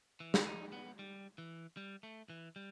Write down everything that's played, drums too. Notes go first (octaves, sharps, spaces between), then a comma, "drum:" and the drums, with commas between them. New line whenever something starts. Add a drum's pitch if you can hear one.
E3
drum: snare
D#4
B3
G3
E3
G3
A3
E3
G3